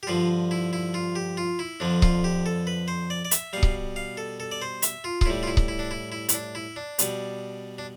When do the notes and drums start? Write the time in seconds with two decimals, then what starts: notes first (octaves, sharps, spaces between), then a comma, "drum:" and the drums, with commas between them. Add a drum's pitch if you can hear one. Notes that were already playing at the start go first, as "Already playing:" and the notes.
0.03 G4
0.07 G2 D3 F3 F4
0.51 E4
0.73 E4
0.94 F4
1.16 G4
1.37 F4
1.59 E4
1.80 F2 D3 F3 D4
2.02 F4, drum: kick C#1
2.24 G4
2.46 A4
2.67 B4
2.88 C5
3.10 D5
3.25 D5
3.31 E5, drum: hi-hat
3.53 B2 G3 F5
3.63 drum: kick C#1
3.96 F5
4.17 A4
4.40 A4
4.52 D5
4.62 C5
4.82 E5, drum: hi-hat
5.04 F4
5.21 F4, drum: kick C#1
5.26 A2 G3 E4
5.43 F4
5.47 E4
5.57 drum: kick C#1
5.68 E4
5.79 D4
5.91 E4
6.12 E4
6.29 E4, drum: hi-hat
6.34 D4
6.55 E4
6.76 D4
6.99 B2 G3, drum: hi-hat
7.78 D4